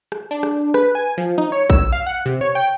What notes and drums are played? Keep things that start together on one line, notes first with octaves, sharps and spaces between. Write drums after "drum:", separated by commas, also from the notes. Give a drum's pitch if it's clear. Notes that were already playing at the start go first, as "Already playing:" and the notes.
drum: rim click
D4
drum: rim click
B4, drum: rim click
G#5
F3
D#4
C#5
E6, drum: kick
F5
F#5
C3
C#5
G5